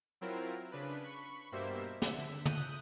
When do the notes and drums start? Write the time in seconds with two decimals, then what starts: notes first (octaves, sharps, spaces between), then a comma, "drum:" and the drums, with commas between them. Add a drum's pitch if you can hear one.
0.21 F#3 C4 E4 F4 A#4
0.71 C#3 D4 B4
0.90 drum: open hi-hat
1.03 B5 C#6
1.52 G2 B2 G3 A#3 C5 E5
2.02 D3 E5, drum: snare
2.45 D#6 F#6 G6 D#7, drum: tom